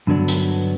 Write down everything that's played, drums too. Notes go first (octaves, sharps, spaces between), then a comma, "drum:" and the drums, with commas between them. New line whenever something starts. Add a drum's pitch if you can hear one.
G2 D3 F#3 B3 D4
drum: hi-hat